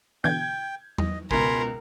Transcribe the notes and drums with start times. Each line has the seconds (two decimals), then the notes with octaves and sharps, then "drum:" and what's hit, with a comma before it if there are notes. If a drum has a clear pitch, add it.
0.24 B2 D3 E3 G5 G6 G#6
0.98 E2 D#5, drum: tom F#3
1.31 C#2 B2 A#4 G#5 B5 C6, drum: kick